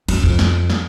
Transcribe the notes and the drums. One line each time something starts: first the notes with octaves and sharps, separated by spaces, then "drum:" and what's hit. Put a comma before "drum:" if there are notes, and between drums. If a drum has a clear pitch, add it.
F#2, drum: cymbal
F2
drum: snare
drum: snare